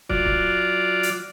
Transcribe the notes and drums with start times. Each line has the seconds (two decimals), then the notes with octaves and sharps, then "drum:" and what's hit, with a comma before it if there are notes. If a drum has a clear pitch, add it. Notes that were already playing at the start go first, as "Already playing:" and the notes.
0.09 F#3 F4 D5, drum: kick
0.25 drum: kick
1.03 drum: hi-hat